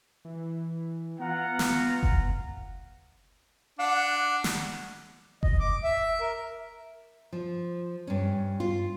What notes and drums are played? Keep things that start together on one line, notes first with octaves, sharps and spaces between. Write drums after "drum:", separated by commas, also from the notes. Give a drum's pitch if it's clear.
E3
B3 F4 F#5 A#5
drum: snare
drum: kick F#1
D4 F#5
drum: snare
D#5, drum: kick F#1
D6
E5
A#4
F3
G2 C#4
F4